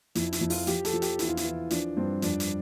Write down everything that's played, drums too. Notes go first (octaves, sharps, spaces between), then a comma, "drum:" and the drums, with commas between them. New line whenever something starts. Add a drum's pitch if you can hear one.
F2 E4, drum: hi-hat
E4, drum: hi-hat
F2
F4, drum: open hi-hat
F3 G4, drum: hi-hat
A4, drum: hi-hat
F3
G4, drum: hi-hat
E2 E4, drum: hi-hat
F4
E4, drum: hi-hat
E3
F3 D4, drum: hi-hat
G2 C4
F2 D4, drum: hi-hat
drum: hi-hat